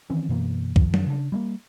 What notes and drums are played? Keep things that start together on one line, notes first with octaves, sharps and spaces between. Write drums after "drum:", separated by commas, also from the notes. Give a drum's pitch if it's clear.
D#3 E3 C4 C#4
F#2 B2 E3 A#3
F#2 D#3 F3, drum: kick
drum: tom F#3
C#3 D4
G3 G#3 A#3